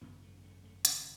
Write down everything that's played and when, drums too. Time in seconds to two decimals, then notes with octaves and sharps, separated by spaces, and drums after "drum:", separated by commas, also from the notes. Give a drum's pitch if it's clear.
0.01 G#1 F#2 C#3 B3
0.22 A3
0.38 B3
0.43 A3
0.64 A3
0.85 G#1 F#2 C#3 C#4, drum: hi-hat